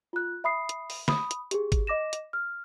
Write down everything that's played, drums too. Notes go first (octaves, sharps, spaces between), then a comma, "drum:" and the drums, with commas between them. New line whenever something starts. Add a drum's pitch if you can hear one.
F4 F#6
E5 B5 D#6 C7
drum: hi-hat
drum: open hi-hat
B5 D#6, drum: snare
drum: hi-hat
G4 G#4, drum: hi-hat
drum: kick G1, hi-hat
D#5 D6 A#6 E7
drum: hi-hat
F6